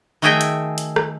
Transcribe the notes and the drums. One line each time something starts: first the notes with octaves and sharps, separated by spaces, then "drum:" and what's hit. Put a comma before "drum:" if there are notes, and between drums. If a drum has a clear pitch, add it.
D#3 A3 F#4 G#4 E5 G5
drum: hi-hat
drum: hi-hat
drum: rim click